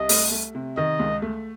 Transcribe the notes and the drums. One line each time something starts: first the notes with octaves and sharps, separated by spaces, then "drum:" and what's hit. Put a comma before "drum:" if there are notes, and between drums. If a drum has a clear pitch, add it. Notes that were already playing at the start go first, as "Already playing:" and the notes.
Already playing: C2 D#5
A3, drum: open hi-hat
A3
C3
D#3 D#5
C#2
A3